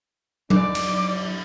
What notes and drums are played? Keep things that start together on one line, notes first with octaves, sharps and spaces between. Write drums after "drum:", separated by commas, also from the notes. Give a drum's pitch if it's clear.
D#4 D5 D6, drum: tom F#3
drum: cymbal